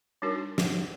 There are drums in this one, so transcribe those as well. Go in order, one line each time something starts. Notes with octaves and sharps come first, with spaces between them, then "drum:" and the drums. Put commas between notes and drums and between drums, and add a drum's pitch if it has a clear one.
G3 D4 D#4 F#4 A#4
drum: snare